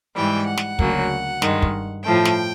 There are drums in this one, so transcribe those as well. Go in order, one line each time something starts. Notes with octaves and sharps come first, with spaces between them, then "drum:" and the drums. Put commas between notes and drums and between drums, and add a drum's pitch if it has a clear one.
G#2 E3 G3 G5
F#5
drum: snare
D2 C#3 F#3 A#3, drum: kick
G2 D#3 G#3, drum: snare
drum: kick
A2 F3 A3 G5
drum: snare